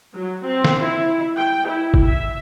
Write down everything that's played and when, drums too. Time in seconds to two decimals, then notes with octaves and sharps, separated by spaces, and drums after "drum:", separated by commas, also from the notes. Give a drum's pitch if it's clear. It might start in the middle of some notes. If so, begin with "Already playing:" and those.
0.14 F#3
0.45 C4
0.64 drum: snare
0.83 E4
1.37 G5
1.67 E4
1.94 drum: kick G1
2.06 E5